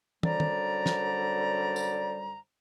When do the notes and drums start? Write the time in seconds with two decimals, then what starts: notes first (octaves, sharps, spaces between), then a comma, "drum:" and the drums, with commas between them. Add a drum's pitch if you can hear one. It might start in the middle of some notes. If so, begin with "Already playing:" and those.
0.23 F#2 D3 G3 C5 D5 A#5, drum: tom
0.40 drum: tom
0.86 drum: snare
1.76 drum: tambourine